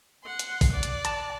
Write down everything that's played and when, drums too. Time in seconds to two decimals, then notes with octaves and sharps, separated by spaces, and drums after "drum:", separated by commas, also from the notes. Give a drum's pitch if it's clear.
0.22 F#5 C6
0.39 drum: hi-hat
0.61 drum: kick, open hi-hat
0.72 D5 F#6
0.83 drum: hi-hat
1.05 A5, drum: hi-hat